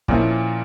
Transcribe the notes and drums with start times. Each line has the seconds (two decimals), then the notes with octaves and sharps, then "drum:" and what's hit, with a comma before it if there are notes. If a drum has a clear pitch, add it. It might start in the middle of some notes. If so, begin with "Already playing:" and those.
0.08 A#2 F3 A#3 C#4 E4, drum: kick